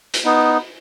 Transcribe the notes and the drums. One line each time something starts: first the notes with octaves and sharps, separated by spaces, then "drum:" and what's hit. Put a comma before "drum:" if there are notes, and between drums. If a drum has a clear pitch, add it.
drum: hi-hat
B3 D#4